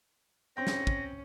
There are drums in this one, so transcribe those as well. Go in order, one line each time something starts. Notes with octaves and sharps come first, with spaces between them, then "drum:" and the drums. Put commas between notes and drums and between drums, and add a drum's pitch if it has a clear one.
C4 C#4 G5 A#6
drum: snare
drum: kick